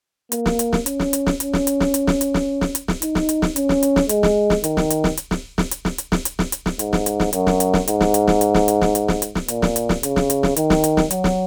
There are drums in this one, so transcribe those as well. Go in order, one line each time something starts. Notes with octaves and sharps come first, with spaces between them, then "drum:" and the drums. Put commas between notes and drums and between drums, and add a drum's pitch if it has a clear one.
A#3, drum: hi-hat
drum: snare
drum: hi-hat
drum: snare
C#4, drum: hi-hat
drum: snare
drum: hi-hat
drum: snare
C#4, drum: hi-hat
drum: snare
drum: hi-hat
drum: snare
drum: hi-hat
drum: snare
drum: hi-hat
drum: snare
drum: snare
drum: hi-hat
drum: snare
D#4, drum: hi-hat
drum: snare
drum: hi-hat
drum: snare
C#4, drum: hi-hat
drum: snare
drum: hi-hat
drum: snare
G#3, drum: hi-hat
drum: snare
drum: snare
D#3, drum: hi-hat
drum: snare
drum: hi-hat
drum: snare
drum: hi-hat
drum: snare
drum: snare
drum: hi-hat
drum: snare
drum: hi-hat
drum: snare
drum: hi-hat
drum: snare
drum: hi-hat
drum: snare
G#2, drum: hi-hat
drum: snare
drum: hi-hat
drum: snare
F#2, drum: hi-hat
drum: snare
drum: hi-hat
drum: snare
G#2, drum: hi-hat
drum: snare
drum: hi-hat
drum: snare
drum: hi-hat
drum: snare
drum: hi-hat
drum: snare
drum: hi-hat
drum: snare
drum: hi-hat
drum: snare
A#2, drum: hi-hat
drum: snare
drum: hi-hat
drum: snare
C#3, drum: hi-hat
drum: snare
drum: hi-hat
drum: snare
D#3, drum: hi-hat
drum: snare
drum: hi-hat
drum: snare
F#3, drum: hi-hat
drum: snare